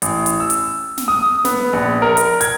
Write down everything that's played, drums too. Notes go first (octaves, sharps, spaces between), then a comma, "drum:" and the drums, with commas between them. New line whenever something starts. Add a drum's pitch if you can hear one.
A1, drum: hi-hat
drum: hi-hat
E6
drum: hi-hat
drum: snare
D#6
B3, drum: snare
A#1
A#4
drum: hi-hat
G#6, drum: hi-hat